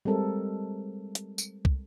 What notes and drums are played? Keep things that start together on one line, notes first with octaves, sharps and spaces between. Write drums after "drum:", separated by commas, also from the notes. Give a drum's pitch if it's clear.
G3 G#3 C4 A4 A#4
drum: hi-hat
drum: tambourine
drum: kick